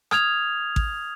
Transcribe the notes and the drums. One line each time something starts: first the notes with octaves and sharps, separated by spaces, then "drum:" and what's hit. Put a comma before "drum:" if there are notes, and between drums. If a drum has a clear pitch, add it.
D#6 F6 G#6 F7, drum: rim click
drum: kick A1